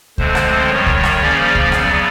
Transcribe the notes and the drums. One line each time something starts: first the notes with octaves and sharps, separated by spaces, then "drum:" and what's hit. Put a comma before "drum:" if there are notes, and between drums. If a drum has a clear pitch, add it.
D2 D3 F3 G#3 C4 C5, drum: kick C#2
drum: rim click
F#2 D#3 G3 C#5
drum: kick C#2
drum: rim click
C#3 F3 A#3 C#4 D5
drum: kick C#2
E2 C#3 F#3 B3, drum: rim click